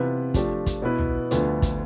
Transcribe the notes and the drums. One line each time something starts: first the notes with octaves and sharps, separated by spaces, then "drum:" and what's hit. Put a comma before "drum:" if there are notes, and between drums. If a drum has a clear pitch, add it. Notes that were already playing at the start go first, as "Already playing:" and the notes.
Already playing: C3 E3 B3 F4 B4
F3 A3 D4 G4, drum: kick, hi-hat
drum: kick, hi-hat
B2 B3 E4 B4
drum: tom
D2 D3 F3 B3, drum: hi-hat
drum: kick, hi-hat